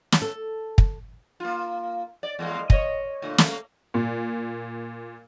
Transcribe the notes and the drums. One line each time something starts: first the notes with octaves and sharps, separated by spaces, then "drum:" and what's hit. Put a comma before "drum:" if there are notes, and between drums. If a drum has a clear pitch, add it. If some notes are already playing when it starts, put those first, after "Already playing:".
drum: snare
A4
drum: kick
A#3 F4
D5
E2 G#3 A#3
C#5 D#5, drum: kick
A#2 D3 A3
A3 A#3, drum: snare
A#2